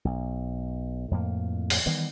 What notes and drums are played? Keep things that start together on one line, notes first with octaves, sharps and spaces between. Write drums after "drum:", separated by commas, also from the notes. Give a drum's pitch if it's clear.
B1
F2 A2 A#3
drum: open hi-hat
D#3 E3 G3 B3